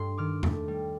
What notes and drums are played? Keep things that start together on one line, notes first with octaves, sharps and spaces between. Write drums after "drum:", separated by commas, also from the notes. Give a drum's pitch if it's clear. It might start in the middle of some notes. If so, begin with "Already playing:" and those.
Already playing: G2 A3 C6
D#3 D6 F6
A3, drum: tom E2
G3